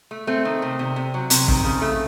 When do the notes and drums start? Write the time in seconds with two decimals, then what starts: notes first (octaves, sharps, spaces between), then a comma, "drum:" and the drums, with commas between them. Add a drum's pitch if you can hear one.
0.11 A3
0.27 A3 C4
0.45 D#3
0.62 C3
0.79 C3
0.96 C3
1.14 F#3
1.30 C3, drum: hi-hat
1.48 D#3, drum: kick
1.64 C#3
1.81 A3